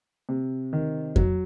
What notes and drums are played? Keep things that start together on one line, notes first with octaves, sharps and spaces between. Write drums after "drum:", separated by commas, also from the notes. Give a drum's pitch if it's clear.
C3
D#3
F#3, drum: kick F2